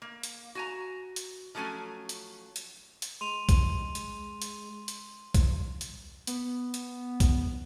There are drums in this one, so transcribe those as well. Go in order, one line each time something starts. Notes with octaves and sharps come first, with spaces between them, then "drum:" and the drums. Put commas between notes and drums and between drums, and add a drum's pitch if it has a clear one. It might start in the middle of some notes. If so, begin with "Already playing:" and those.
A#3
drum: hi-hat
F#4 G#5 A#5
drum: hi-hat
F3 F#3 A3 C#4 G#5
drum: hi-hat
drum: hi-hat
drum: hi-hat
G#3 C6 D#7 F7
drum: kick B1, hi-hat
drum: hi-hat
drum: hi-hat
drum: hi-hat
drum: kick B1, hi-hat
drum: hi-hat
B3, drum: hi-hat
drum: hi-hat
drum: kick B1, hi-hat